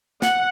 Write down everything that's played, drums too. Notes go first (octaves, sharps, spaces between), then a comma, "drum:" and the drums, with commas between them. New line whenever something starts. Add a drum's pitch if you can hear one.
F#5, drum: snare